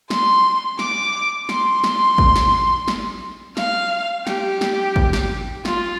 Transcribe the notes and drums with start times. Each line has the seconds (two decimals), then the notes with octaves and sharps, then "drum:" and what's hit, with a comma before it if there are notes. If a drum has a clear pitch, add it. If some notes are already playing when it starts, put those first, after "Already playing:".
0.10 C6, drum: snare
0.79 D6, drum: snare
1.49 C6, drum: snare
1.84 drum: snare
2.18 drum: kick
2.36 drum: snare
2.88 drum: snare
3.57 F5, drum: snare
4.27 G4, drum: snare
4.61 drum: snare
4.96 drum: kick
5.13 drum: snare
5.65 F4, drum: snare